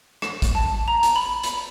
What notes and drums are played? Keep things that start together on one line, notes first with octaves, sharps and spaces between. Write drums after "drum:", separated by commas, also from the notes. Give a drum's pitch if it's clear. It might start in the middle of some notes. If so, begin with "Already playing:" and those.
E7, drum: rim click
drum: kick, hi-hat
A5
A#5
drum: hi-hat
B5
B5, drum: hi-hat